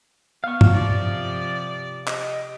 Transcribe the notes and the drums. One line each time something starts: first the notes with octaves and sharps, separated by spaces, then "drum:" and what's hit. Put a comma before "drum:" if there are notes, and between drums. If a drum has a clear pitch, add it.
B3 F5 C#6
drum: tom G2
C3 F3 D5
G4 D#5, drum: clap